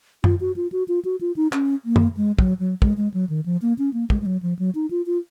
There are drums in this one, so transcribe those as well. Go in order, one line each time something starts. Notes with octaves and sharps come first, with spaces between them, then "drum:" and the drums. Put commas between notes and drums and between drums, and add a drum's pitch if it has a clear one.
F4, drum: tom F#2
F#4
F4
F#4
F4
F#4
F4
D#4
C#4, drum: clap
A#3
drum: tom F#2
G#3
F#3, drum: kick
F#3
G#3, drum: kick
G#3
F#3
D#3
F3
A#3
C#4
A#3
G#3, drum: kick
G#3
F#3
F3
F#3
D#4
F4
F4